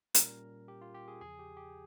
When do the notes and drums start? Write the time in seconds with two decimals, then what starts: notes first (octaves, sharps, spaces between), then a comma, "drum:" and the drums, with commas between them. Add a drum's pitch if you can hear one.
0.14 A#2 G3 C#4 A#4, drum: hi-hat
0.68 G4
0.81 F4
0.95 G4
1.08 G#4
1.21 E2 C#3 F3 G#4
1.39 G4
1.57 G4